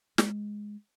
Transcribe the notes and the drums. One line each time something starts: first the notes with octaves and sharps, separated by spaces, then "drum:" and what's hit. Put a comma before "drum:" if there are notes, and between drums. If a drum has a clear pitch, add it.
G#3, drum: snare